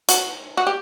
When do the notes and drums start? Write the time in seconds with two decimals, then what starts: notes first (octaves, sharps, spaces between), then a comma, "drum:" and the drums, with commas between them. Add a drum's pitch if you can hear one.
0.09 F#4, drum: hi-hat
0.57 F#4
0.67 G4